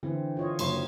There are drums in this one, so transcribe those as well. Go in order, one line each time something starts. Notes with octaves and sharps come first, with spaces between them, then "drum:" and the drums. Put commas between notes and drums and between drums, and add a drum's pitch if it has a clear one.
D3 E3 C4
F4 C#5 D#5
F#1 F#3 C#5 C6, drum: cymbal